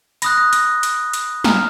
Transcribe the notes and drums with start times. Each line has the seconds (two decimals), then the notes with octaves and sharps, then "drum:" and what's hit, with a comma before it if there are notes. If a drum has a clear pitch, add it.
0.22 B5 D#6 F#6 A#6, drum: hi-hat
0.37 A#6
0.53 A#6, drum: hi-hat
0.83 drum: hi-hat
1.13 drum: hi-hat
1.44 A#5 F6, drum: snare